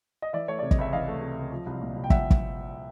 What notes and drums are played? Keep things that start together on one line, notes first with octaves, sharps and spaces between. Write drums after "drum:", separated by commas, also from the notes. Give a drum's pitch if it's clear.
D#5
E3 D5 E5
A3 C#5
C3 D5
D#5, drum: kick
C#2 E5
E3 D#5 F5
A3
C3
C#2
F3
C2
A#2
C2
G5
F3 E5 F#5, drum: kick
drum: kick